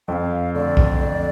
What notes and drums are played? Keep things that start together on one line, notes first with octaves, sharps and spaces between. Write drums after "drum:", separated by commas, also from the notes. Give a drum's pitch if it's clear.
F2 F5 G5
D3 A3 D5
drum: kick B1
F2